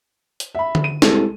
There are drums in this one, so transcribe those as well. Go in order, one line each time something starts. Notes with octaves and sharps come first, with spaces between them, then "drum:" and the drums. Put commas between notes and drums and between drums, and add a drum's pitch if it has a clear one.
drum: hi-hat
E5 B5
drum: tom D3
D#7
C2 G#3 A4, drum: snare